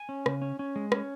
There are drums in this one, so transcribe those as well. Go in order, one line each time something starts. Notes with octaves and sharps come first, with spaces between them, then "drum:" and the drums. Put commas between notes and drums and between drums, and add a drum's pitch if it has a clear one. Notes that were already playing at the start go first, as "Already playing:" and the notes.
Already playing: G#5
C#4
C#3, drum: rim click
C#4
C#4
G#3
C#4, drum: rim click